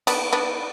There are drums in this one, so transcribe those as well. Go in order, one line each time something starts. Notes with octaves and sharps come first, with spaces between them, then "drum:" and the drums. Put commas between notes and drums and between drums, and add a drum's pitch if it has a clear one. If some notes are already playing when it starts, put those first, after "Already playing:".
B3 D4, drum: cymbal
B3 D4